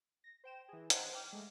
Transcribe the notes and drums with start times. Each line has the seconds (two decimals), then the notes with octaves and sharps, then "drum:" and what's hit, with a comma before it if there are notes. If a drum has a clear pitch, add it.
0.24 A#6
0.44 C5 G5 E7
0.68 E3 G#4
0.90 C5 D#5 F#5 G5 A5 A#5, drum: hi-hat
1.14 G5 D6 F6
1.32 G#3 A3